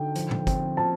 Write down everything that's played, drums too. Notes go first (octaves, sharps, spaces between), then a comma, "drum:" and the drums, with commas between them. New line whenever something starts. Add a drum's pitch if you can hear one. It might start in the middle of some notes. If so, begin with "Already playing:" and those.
Already playing: D3 D#4 G5
F3, drum: hi-hat
drum: tom A2
C4, drum: kick G1, hi-hat
F3 A5